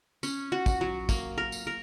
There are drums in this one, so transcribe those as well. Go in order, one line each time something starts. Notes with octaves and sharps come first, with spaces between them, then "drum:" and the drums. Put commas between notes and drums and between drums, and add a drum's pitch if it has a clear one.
C#4, drum: tambourine
F#4
drum: kick, tambourine
F#3
A#3, drum: kick, tambourine
A#4
drum: tambourine
A#4